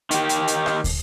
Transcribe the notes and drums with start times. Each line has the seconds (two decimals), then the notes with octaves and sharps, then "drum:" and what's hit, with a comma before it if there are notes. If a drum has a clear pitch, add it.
0.11 D#3 G4, drum: hi-hat
0.29 drum: hi-hat
0.48 drum: hi-hat
0.66 drum: rim click
0.84 drum: kick, open hi-hat